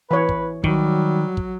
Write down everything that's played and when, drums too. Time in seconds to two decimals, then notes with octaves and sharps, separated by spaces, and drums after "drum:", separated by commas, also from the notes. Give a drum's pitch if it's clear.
0.11 E3 B4 C#5
0.29 drum: kick
0.64 D#3 F#3 G3, drum: kick
1.37 drum: kick